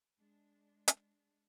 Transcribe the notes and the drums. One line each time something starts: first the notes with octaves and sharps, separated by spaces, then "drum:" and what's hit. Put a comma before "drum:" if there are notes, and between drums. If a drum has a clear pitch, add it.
G#3 D4
drum: hi-hat